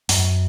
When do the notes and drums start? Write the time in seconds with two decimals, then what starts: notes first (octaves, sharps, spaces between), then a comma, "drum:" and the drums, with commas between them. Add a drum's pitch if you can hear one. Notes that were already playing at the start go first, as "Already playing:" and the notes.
0.09 F#2, drum: open hi-hat